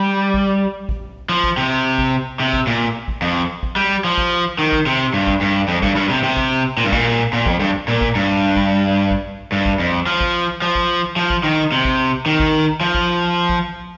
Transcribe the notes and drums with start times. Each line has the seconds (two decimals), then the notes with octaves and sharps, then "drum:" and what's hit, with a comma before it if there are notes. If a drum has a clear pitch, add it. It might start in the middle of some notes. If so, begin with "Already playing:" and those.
Already playing: G3
0.34 drum: kick
0.89 drum: kick
1.29 F3
1.44 drum: kick
1.57 C3
1.98 drum: kick
2.40 C3
2.53 drum: kick
2.67 A#2
3.08 drum: kick
3.22 F2
3.63 drum: kick
3.76 G3
4.04 F3
4.18 drum: kick
4.59 D#3
4.72 drum: kick
4.86 C3
5.14 G2
5.27 drum: kick
5.41 G2
5.68 F2
5.82 G2, drum: kick
5.96 G2
6.09 C3
6.23 C3
6.37 drum: kick
6.77 A#2
6.85 G2
6.92 A#2, drum: kick
7.33 A#2
7.46 F2, drum: kick
7.60 G2
7.88 A#2
8.01 drum: kick
8.15 G2
8.56 drum: kick
9.11 drum: kick
9.52 G2
9.66 drum: kick
9.79 F2
10.07 F3
10.21 drum: kick
10.62 F3
10.75 drum: kick
11.16 F3
11.30 drum: kick
11.43 D#3
11.72 C3
11.85 drum: kick
12.26 D#3
12.40 drum: kick
12.81 F3
12.95 drum: kick
13.49 drum: kick